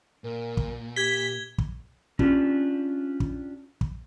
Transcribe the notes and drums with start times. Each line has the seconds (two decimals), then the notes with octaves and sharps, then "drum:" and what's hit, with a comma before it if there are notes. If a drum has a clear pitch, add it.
0.24 A#2 A#4
0.57 drum: kick
0.96 G4 G#6 B6 G7
1.58 drum: kick
2.19 C#4 D4 F4 G4, drum: kick
3.20 drum: kick
3.81 drum: kick